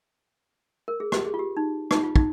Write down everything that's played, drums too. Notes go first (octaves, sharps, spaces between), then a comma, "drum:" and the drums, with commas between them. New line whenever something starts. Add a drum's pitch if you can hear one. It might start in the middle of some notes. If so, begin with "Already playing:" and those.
A#4
G#4
G4, drum: rim click
G#4
F4
G4
D#4
D#4, drum: rim click
F4
D#4, drum: kick